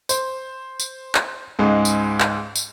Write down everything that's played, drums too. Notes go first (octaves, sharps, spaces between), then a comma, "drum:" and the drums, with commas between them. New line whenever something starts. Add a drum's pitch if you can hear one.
C5, drum: tambourine
drum: tambourine
drum: clap
C#2 G#2 G#3
drum: tambourine
drum: clap
drum: tambourine